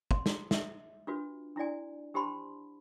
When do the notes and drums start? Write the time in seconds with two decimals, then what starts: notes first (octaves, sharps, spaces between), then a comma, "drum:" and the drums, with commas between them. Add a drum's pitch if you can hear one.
0.11 C6, drum: kick
0.26 drum: snare
0.51 E5, drum: snare
1.07 D4 F4 F#4 B4
1.56 D4 E4 F#4 D5 G#5
2.14 D4 G4 C5 A5 B5 C6